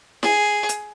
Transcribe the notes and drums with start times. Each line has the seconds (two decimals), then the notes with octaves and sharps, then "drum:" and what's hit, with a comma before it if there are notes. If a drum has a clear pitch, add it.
0.23 G#4, drum: snare
0.69 drum: hi-hat